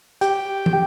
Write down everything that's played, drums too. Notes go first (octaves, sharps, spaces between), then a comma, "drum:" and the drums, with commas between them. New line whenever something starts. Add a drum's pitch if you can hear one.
G4 G5, drum: hi-hat
drum: tom